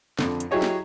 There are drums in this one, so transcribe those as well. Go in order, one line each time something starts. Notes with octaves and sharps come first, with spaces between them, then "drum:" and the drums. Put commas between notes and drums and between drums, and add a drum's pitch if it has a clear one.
F2 D3, drum: snare
drum: hi-hat
F#3 E4 G4 G#4 C#5 D#5
drum: snare